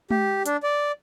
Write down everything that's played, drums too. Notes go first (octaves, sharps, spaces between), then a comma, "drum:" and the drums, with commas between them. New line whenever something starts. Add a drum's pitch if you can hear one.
G4, drum: tom G#3
D4, drum: hi-hat
D5